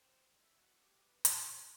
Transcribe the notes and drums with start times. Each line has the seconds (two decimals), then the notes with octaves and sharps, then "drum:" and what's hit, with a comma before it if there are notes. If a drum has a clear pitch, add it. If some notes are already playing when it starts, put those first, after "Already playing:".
Already playing: C4
0.38 E4
0.60 F#4
0.82 G4
1.03 B4
1.25 A4, drum: hi-hat
1.47 E4